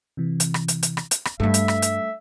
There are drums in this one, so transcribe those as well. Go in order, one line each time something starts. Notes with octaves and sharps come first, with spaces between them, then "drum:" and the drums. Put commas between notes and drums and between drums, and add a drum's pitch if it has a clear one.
C3 E3
drum: hi-hat
drum: rim click
drum: hi-hat
drum: hi-hat
drum: rim click
drum: hi-hat
drum: rim click
G2 G3 A3 A4 E5
drum: hi-hat
drum: rim click
drum: hi-hat